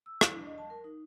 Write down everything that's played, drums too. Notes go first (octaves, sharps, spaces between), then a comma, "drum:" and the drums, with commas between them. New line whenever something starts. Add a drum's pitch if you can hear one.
E6
E4, drum: rim click
D4
D#5
A5
A#4
D#4